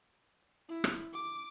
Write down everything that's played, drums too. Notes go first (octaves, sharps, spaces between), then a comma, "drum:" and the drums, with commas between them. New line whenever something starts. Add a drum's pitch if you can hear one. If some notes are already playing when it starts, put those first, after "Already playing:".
E4
drum: rim click
D6